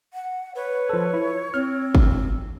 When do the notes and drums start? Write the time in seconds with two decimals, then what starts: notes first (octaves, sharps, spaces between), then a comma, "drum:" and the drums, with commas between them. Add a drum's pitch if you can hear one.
0.13 F#5
0.56 B4 C#5
0.89 F3 A4
1.14 E4
1.54 C4 F6
1.95 drum: kick